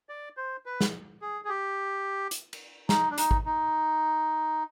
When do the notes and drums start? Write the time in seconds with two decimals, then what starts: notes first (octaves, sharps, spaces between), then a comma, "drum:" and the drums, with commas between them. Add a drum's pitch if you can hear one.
0.09 D5
0.37 C5
0.66 B4
0.81 drum: snare
1.22 G#4
1.45 G#4
1.49 G4
2.31 drum: hi-hat
2.53 drum: cymbal
2.89 D#4, drum: snare
3.11 D4
3.18 D#4, drum: hi-hat
3.31 drum: kick
3.46 D#4